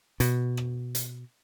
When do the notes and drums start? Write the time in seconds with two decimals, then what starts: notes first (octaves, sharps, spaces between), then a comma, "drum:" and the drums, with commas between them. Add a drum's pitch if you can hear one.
0.20 B2, drum: hi-hat
0.57 drum: rim click
0.95 drum: hi-hat